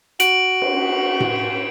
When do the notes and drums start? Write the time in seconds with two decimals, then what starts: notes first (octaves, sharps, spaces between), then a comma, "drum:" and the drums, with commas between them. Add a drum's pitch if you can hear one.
0.20 F#4 D7 F#7, drum: hi-hat
0.62 drum: cymbal
1.20 drum: tom A2